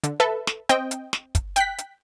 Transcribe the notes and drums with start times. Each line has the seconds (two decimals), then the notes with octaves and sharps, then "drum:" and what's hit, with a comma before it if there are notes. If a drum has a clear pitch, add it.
0.04 D3, drum: hi-hat
0.20 A4 B4 E5
0.47 drum: snare
0.69 C4 D#5 G5, drum: hi-hat
0.91 drum: hi-hat
1.13 drum: snare
1.35 drum: kick, hi-hat
1.56 G5 F#6 B6, drum: hi-hat
1.78 drum: hi-hat